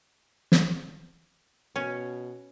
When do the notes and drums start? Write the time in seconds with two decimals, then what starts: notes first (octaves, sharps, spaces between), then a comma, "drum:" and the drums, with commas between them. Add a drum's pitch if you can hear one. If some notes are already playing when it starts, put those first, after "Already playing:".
0.52 drum: snare
1.76 B2 C#4